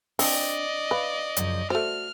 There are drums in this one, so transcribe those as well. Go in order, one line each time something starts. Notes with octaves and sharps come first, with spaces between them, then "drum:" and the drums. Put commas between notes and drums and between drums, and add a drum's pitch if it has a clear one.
C4 D4 D5 D#5, drum: open hi-hat
B4 F5
F#2 C#3 F3, drum: hi-hat
A3 F#4 C5 D5 F6